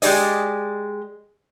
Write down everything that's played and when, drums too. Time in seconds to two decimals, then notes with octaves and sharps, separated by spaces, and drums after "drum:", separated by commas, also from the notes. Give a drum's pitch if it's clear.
0.02 G#3 G4 G#4 D5 D#5, drum: open hi-hat